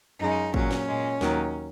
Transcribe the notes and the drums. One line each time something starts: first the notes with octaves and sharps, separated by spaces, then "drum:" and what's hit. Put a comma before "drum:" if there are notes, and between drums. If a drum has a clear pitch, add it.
F#2 C#3 G#3 D#4
A#2 F#3 C#4, drum: kick
drum: snare
A#2 G#3
D#2 D#3 F#3, drum: snare